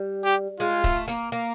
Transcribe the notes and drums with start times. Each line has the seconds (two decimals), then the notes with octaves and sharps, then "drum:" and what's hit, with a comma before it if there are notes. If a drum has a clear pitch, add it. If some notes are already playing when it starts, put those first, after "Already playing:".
Already playing: G3
0.24 G4
0.60 G#3 F4
0.84 A3, drum: kick D1
1.08 A#3, drum: hi-hat
1.32 A#3